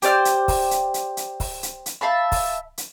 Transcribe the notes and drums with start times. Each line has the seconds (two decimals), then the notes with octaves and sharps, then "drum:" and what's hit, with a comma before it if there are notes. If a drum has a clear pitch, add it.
0.02 G4 C5 D5 F6, drum: hi-hat
0.25 drum: hi-hat
0.48 drum: kick, open hi-hat
0.71 drum: hi-hat
0.94 drum: hi-hat
1.17 drum: hi-hat
1.40 drum: kick, open hi-hat
1.63 drum: hi-hat
1.86 drum: hi-hat
2.01 E5 F5 A5 B5
2.32 drum: kick, open hi-hat
2.78 drum: hi-hat